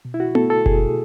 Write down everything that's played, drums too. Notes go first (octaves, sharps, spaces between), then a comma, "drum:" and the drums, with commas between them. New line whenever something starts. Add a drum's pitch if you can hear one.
B2
E4
F#4
A3 A4, drum: tom B3
A4
B2 G#4, drum: kick F#1